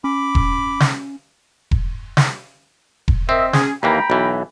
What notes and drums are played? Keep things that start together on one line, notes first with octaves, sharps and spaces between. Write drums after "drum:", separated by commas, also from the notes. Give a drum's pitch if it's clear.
C#4 B5 D6
drum: kick E1
drum: snare
drum: kick E1
drum: snare
drum: kick E1
C4 A#4 D#5 E5
C#4 G#4, drum: snare
D#2 E3 A#3 G5 A#5 B5
B1 E3